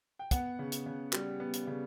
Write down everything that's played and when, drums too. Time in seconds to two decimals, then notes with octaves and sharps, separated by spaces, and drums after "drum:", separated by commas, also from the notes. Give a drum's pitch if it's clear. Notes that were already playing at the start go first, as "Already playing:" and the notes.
0.19 G5
0.31 B3 F#5, drum: kick, hi-hat
0.59 C#3
0.72 drum: hi-hat
0.86 C#3
1.13 G3, drum: clap
1.40 B3
1.54 drum: hi-hat
1.67 C#3